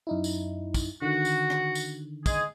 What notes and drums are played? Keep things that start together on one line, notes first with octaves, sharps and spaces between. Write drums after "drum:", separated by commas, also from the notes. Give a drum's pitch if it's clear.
F#2 D#4 E4
drum: tambourine
drum: kick, tambourine
D3 D#3 F#4
drum: tambourine
drum: rim click
drum: tambourine
G#3 G#4, drum: kick, tambourine